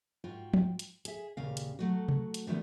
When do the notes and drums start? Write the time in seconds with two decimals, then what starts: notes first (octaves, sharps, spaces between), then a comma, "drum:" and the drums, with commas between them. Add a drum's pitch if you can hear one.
0.24 G#2 F4 F#4 G5
0.54 drum: tom
0.79 drum: hi-hat
1.05 G#4 E5, drum: hi-hat
1.37 D#2 A#2 C#3 F5
1.57 drum: hi-hat
1.79 F#3 A3 F#4
2.08 drum: tom C3
2.34 drum: hi-hat
2.47 D3 D#3 F3 G3 A3 B3